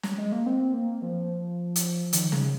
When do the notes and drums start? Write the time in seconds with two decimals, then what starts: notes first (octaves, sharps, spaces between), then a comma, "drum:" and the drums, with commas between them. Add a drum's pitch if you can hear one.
0.03 drum: snare
0.18 G#3
0.32 A#3
0.46 C4
0.74 A#3
1.02 F3
1.76 drum: hi-hat
2.13 D#3, drum: hi-hat
2.32 C#3, drum: snare